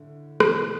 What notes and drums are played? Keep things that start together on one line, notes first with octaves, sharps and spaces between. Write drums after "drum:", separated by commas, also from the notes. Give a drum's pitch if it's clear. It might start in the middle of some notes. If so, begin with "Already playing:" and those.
Already playing: A2 D3
B2 E3, drum: rim click